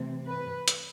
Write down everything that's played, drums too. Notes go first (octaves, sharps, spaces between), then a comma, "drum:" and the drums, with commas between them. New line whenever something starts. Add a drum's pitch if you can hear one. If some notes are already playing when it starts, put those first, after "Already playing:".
Already playing: C3 E3 A3 C4
B4
drum: hi-hat